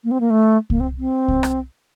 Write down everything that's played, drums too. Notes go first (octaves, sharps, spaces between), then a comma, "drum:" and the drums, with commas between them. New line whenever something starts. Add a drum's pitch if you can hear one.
A#3
C4
A#3
A3
A#3, drum: kick C2
C4
C4
drum: kick C2
drum: rim click